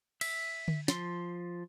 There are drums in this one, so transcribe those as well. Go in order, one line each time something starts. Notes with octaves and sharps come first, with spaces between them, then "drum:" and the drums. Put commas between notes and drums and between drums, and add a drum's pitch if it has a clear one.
E5, drum: cymbal
drum: tom D3
F3 C6, drum: snare